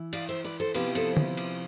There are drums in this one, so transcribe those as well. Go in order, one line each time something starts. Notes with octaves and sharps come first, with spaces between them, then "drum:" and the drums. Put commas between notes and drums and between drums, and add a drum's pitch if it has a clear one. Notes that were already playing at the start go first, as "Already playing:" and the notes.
Already playing: E3 E4
D5 F5, drum: cymbal
C5 E5
B4 D5
A4 C5
C3 F3 B3 E4 G4 B4, drum: cymbal
A4 C5, drum: cymbal
drum: tom
drum: cymbal